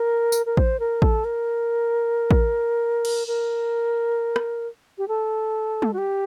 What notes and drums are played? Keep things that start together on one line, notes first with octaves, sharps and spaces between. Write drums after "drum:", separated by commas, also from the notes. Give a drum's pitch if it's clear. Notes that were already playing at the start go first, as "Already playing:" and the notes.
Already playing: A#4
drum: tambourine
A#4
C5, drum: kick A1
A#4
A4, drum: kick A1
A#4
drum: kick A1
drum: cymbal
A#4
drum: rim click
G4
A4
drum: tom G3
F#4
G4